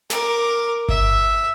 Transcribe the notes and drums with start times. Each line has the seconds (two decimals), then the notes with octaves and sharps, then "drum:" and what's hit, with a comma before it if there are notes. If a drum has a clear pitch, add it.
0.10 A#4 D6, drum: snare
0.89 E5, drum: kick G1